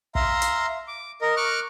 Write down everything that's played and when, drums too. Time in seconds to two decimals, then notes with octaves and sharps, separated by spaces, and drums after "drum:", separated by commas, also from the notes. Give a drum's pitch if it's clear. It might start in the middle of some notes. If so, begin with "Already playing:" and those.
0.15 E5 F5 A#5 C6, drum: kick
0.42 drum: hi-hat
0.88 D6
1.22 A#4 D#5
1.36 C#6 D6 F6 F#6